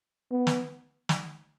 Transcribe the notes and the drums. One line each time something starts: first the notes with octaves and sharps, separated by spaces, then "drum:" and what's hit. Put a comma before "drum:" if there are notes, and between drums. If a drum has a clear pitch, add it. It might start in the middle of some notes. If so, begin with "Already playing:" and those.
B3
drum: snare
drum: snare